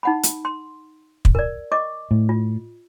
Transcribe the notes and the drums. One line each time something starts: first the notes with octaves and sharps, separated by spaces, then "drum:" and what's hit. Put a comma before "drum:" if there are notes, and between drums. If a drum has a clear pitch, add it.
D#4 F#5 B5
drum: hi-hat
C6
drum: kick
A#4 D5
D#5 C#6 D6
A2
F4